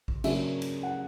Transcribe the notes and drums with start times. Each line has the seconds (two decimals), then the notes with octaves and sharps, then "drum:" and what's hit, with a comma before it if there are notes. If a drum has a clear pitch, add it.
0.08 drum: kick G#1
0.24 C#3 F#3 A#3 D4 E5, drum: cymbal
0.62 drum: cymbal
0.83 F#5